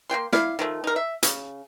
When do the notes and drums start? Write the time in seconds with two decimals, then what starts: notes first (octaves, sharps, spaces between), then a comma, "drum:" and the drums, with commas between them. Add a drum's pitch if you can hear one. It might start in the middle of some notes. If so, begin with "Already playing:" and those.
0.10 A#3 F4 G5 C6
0.33 E4 D5 F5, drum: snare
0.59 D#3 F3 A3
0.84 D#4 A#4
0.96 E5
1.23 C#3, drum: hi-hat